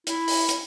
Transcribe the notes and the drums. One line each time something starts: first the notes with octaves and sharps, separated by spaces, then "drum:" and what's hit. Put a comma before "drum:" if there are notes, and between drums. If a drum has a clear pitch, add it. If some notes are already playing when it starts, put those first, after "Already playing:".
E4, drum: hi-hat
drum: open hi-hat
drum: hi-hat